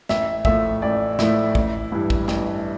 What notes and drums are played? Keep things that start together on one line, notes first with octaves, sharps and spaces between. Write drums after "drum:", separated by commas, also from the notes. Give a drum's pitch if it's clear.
A1 E5, drum: snare
A2 F3 A3 E5, drum: kick
A1 D5
A2 F3 A3 E4, drum: snare
A1, drum: kick
G2 E3 G3
drum: kick
A1, drum: snare